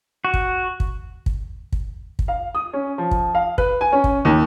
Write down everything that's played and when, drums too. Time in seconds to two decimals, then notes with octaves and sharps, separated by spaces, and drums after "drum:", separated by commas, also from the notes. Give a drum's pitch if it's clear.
0.25 F#4
0.34 drum: kick
0.80 drum: kick
1.26 drum: kick
1.72 drum: kick
2.19 drum: kick
2.28 F5
2.55 D#6
2.73 C#4
2.98 F3
3.11 drum: kick
3.35 F5
3.58 B4, drum: kick
3.81 G#5
3.92 C#4
4.04 drum: kick
4.25 D#2